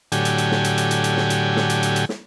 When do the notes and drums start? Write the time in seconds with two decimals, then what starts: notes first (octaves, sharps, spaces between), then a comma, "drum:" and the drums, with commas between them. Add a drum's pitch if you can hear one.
0.12 A2 D3 F#3 G4 G#5, drum: hi-hat
0.25 drum: hi-hat
0.38 drum: hi-hat
0.51 drum: snare
0.64 drum: hi-hat
0.78 drum: hi-hat
0.91 drum: hi-hat
1.04 drum: hi-hat
1.17 drum: snare
1.30 drum: hi-hat
1.56 drum: snare
1.70 drum: hi-hat
1.83 drum: hi-hat
1.96 drum: hi-hat
2.09 drum: snare